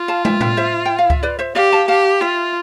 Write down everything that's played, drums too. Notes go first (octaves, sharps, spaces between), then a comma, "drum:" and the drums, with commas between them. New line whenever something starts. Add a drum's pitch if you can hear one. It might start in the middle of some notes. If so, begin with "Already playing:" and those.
Already playing: F4
F5 A5
E5 G5, drum: tom
E5 G5, drum: tom A2
C5 E5
G5
F5
E5, drum: kick C#2
B4 D5
C5 E5
G4 D5 F5
F5 A5
G4 F5 A5
F4 E5 G5